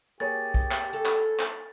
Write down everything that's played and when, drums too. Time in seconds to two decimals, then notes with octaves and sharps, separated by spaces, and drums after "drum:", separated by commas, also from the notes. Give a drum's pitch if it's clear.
0.20 A#3 G4 G#4 C#5 A6
0.54 drum: kick B1
0.71 drum: clap
0.93 A4
1.05 drum: clap
1.40 drum: clap